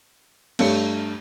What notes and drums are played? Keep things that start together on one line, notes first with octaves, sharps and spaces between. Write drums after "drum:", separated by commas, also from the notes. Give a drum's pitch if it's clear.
G2 A3 C#5 C#7, drum: cymbal